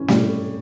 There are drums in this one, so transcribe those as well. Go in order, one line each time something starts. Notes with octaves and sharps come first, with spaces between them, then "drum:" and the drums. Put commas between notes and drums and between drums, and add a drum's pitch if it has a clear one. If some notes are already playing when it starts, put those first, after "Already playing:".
Already playing: E3 C#4
G3, drum: snare